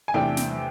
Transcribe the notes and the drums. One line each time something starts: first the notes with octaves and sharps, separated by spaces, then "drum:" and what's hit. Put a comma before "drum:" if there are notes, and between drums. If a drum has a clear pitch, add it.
G#5
E2 C3 E3 A3 D4 G5
drum: snare